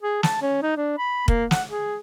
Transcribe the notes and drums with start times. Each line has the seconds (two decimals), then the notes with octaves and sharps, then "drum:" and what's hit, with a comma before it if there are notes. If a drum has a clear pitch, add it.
0.03 G#4
0.23 A5, drum: snare
0.42 C#4
0.62 D#4
0.77 D4
0.98 B5
1.28 A#3, drum: kick
1.51 F#5, drum: snare
1.69 G#4